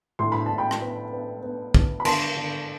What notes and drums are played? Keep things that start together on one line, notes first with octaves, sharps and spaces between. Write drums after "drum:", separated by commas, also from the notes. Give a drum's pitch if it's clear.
A2 C6
B5
A2 A5
G5 B5
drum: rim click
B3
B3
B3
B3, drum: kick A#1
B5
D3 A5 C6, drum: cymbal
D3